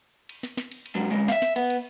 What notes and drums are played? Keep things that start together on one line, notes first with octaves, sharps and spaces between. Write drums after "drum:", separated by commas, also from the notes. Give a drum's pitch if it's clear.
drum: cymbal
drum: snare
drum: snare
drum: cymbal
drum: cymbal
G#2 F#3
D2 G#3
E5 F5, drum: snare
drum: snare
B3, drum: cymbal
drum: cymbal